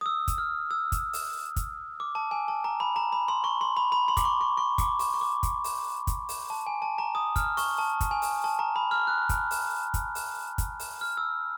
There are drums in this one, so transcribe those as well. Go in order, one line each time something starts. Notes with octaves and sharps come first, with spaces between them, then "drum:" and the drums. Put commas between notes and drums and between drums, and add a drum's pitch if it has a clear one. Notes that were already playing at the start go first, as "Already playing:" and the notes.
D#6
E6
drum: kick, hi-hat
F6
E6
drum: kick, hi-hat
drum: open hi-hat
drum: kick, hi-hat
D6
A5
G#5
A5
A#5
B5
A#5
B5
C6
C#6
C6
B5
B5
C6
D6, drum: kick, hi-hat
C#6
C#6
C#6
D6, drum: kick, hi-hat
C#6, drum: open hi-hat
C#6
D6
drum: kick, hi-hat
drum: open hi-hat
drum: kick, hi-hat
drum: open hi-hat
A5
G#5
A5
A#5
D#6
F6, drum: kick, hi-hat
C#6, drum: open hi-hat
A5
drum: kick, hi-hat
G#5
drum: open hi-hat
A5
A#5
B5
F6
F#6
drum: kick, hi-hat
drum: open hi-hat
drum: kick, hi-hat
drum: open hi-hat
drum: kick, hi-hat
drum: open hi-hat
F6
E6